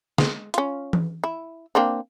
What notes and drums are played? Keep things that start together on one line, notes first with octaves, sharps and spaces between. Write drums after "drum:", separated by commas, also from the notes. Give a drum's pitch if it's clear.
G#3, drum: snare
C#4 F4, drum: hi-hat
drum: tom E3
E4
A#3 C4 D4